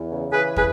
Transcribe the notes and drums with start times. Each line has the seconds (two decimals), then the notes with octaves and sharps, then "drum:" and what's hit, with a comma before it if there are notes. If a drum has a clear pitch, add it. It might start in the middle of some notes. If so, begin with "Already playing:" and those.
Already playing: E2
0.09 C#3
0.32 E3 G#4 B4
0.56 G#4 B4, drum: kick